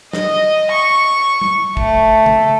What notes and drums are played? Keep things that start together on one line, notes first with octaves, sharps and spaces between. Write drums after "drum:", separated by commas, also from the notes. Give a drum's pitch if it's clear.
D#5, drum: snare
C#6
drum: tom
A3, drum: kick
drum: tom